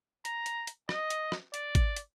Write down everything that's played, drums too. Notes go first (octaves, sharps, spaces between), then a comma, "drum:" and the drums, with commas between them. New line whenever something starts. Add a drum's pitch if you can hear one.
A#5, drum: hi-hat
drum: hi-hat
drum: hi-hat
D#5, drum: rim click
drum: hi-hat
drum: rim click
D5, drum: hi-hat
drum: kick, hi-hat
drum: hi-hat